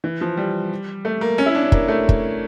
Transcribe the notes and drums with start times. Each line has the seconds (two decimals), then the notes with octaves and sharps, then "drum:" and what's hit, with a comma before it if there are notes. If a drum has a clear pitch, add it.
0.04 E3
0.21 F3
0.37 G3
1.05 A3
1.21 A#3
1.38 C#4
1.46 E4
1.55 D4
1.63 C#4
1.72 A#3, drum: kick
1.88 A3
2.09 drum: kick